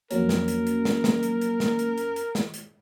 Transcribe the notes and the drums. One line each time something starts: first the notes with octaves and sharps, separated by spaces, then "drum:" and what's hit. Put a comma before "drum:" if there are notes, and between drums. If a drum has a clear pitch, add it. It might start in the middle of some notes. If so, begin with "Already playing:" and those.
F2 F#3 A#3 C#4 A#4, drum: hi-hat
drum: snare
drum: hi-hat
drum: hi-hat
drum: snare
drum: snare
drum: hi-hat
drum: hi-hat
drum: snare
drum: hi-hat
drum: hi-hat
drum: hi-hat
drum: snare
drum: hi-hat